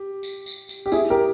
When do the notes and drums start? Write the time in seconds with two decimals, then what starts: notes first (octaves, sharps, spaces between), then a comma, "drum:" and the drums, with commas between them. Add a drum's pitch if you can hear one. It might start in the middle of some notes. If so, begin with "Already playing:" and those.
Already playing: G4
0.23 drum: tambourine
0.46 drum: tambourine
0.69 drum: tambourine
0.86 G4
0.92 E4 G#4, drum: tambourine
1.10 G4 A#4